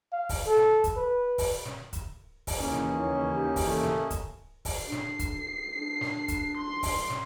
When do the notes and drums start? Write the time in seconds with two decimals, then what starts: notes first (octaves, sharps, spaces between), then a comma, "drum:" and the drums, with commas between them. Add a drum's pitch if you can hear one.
0.13 F5
0.29 drum: kick, open hi-hat
0.46 A4
0.57 drum: snare
0.84 drum: kick, hi-hat
0.96 B4
1.38 drum: kick, open hi-hat
1.65 drum: snare
1.93 drum: kick, hi-hat
2.47 drum: kick, open hi-hat
2.58 D#2 C#3 E3 A#3 C#4 D#5
2.74 drum: snare
2.95 C#5
3.29 G4
3.56 drum: kick, open hi-hat
3.67 A3
3.83 drum: snare
4.10 drum: kick, hi-hat
4.65 drum: kick, open hi-hat
4.80 D4 C7
4.92 drum: snare
5.19 drum: kick, hi-hat
5.70 D4
6.01 drum: snare
6.28 drum: kick, hi-hat
6.57 C6
6.83 drum: kick, open hi-hat
7.10 drum: snare